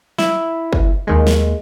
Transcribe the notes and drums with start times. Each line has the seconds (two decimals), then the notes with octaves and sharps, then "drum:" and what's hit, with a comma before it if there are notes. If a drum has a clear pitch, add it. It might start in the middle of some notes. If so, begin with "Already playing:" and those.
0.18 E4, drum: snare
0.73 drum: kick
1.07 D#2 D#3 G#3
1.27 drum: snare